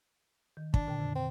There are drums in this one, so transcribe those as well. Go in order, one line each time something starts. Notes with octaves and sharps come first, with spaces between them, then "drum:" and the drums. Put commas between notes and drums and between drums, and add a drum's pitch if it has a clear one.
D#3
D4, drum: kick
A#2 D3 G5
F2 C3
C4